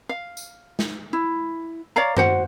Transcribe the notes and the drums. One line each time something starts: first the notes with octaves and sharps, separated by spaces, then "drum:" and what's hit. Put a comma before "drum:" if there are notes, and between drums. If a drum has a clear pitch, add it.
F5
drum: tambourine
drum: snare
E4
C#5 D5 F5 A#5
F#4 C5 F#5, drum: tom F#2